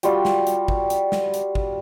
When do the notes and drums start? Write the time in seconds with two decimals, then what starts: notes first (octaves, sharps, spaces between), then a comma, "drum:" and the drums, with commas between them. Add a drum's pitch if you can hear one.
0.03 G3 F4 F#4 G5, drum: hi-hat
0.25 drum: snare
0.47 drum: hi-hat
0.68 drum: kick
0.90 drum: hi-hat
1.12 drum: snare
1.34 drum: hi-hat
1.55 drum: kick